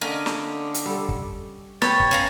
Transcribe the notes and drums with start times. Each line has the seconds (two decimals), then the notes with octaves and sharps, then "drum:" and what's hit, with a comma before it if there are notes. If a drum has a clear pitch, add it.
0.01 D3 A#3 C#4 D#5
0.26 drum: snare
0.74 drum: hi-hat
0.86 G3 A4
1.09 drum: kick
1.82 B3 G4 C#5 A6, drum: snare
2.00 drum: kick
2.11 C#4 G#4 F5 A#5